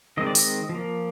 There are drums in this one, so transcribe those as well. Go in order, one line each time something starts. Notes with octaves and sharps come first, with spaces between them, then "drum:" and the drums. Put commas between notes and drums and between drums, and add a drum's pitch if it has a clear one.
D#3 G#3 C4 D#5
D5
D#5, drum: open hi-hat
F3
A#3